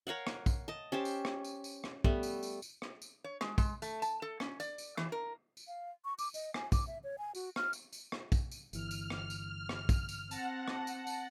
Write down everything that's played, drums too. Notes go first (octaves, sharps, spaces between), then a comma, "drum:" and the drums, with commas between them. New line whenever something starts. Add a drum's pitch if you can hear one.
A#4 C#5 F5 F#5
drum: rim click
drum: kick, tambourine
D#5 A5
C#4 G4 C5 A5
drum: tambourine
drum: rim click
drum: tambourine
drum: tambourine
drum: rim click
G3 A3 B3, drum: kick
drum: tambourine
drum: tambourine
drum: tambourine
drum: rim click
drum: tambourine
C#5
G#3, drum: rim click
G#3, drum: kick, tambourine
A3, drum: tambourine
A5, drum: tambourine
A4
C#4, drum: rim click
D5, drum: tambourine
drum: tambourine
E3, drum: rim click
A#4
drum: tambourine
F5
C#6
D6, drum: tambourine
D#5, drum: tambourine
G#5, drum: rim click
D6, drum: kick, tambourine
E5
C#5
G#5
F#4, drum: tambourine
F6, drum: rim click
drum: tambourine
drum: tambourine
drum: rim click
drum: kick, tambourine
drum: tambourine
G1 E3 F6, drum: tambourine
drum: tambourine
drum: rim click
drum: tambourine
drum: rim click
drum: kick, tambourine
drum: tambourine
C4 F#5 A5 A#6, drum: tambourine
drum: rim click
drum: tambourine
drum: tambourine